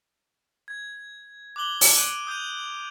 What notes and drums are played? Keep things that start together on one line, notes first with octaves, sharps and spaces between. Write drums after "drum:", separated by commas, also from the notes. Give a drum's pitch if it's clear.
G#6
D6 F#6 F#7 G7
drum: open hi-hat
F#6 D7 D#7
D#6 G6 D#7 F7